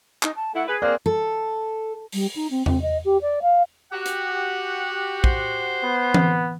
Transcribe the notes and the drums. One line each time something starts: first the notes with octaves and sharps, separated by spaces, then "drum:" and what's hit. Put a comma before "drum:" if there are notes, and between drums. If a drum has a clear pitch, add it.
D#4, drum: clap
A5
A3 E4 F#5
G#4 B4
A#3 C4 D5 F#6
A4
G3, drum: open hi-hat
D#4
C4
C4, drum: tom E2
D#5
G4
D5
F5
F#4 G4 F#5
drum: hi-hat
C5, drum: kick
B3
drum: tom E3